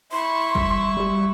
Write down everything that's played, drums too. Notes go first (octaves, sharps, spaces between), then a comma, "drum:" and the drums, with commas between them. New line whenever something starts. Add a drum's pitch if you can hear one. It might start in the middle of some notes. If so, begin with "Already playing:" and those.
E4 C6 C#6
G3, drum: kick
G3 G4